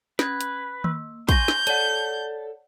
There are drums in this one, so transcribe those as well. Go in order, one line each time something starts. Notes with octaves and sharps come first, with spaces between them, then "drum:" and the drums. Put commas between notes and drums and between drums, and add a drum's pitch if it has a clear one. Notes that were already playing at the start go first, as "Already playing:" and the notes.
C#4 B4 G#6, drum: snare
drum: hi-hat
A#3, drum: tom D#3
G#5 C6 C#6 G6 A#6, drum: kick, hi-hat
drum: snare
A4 C#5 D5 F#5, drum: hi-hat